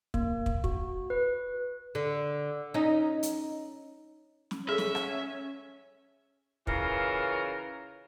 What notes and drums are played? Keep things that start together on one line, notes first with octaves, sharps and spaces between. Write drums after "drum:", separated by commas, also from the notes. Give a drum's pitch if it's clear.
A#3, drum: kick
drum: kick
F#4, drum: kick
B4
D3
C#4 D#4
drum: hi-hat
drum: snare
C#4 G#4 A4 E5
drum: snare
drum: rim click
C#3 E3 F4 A#4 C#5, drum: kick